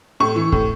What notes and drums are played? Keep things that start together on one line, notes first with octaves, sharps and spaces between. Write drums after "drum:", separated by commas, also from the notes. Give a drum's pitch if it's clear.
A2 C#6
E3
A2, drum: kick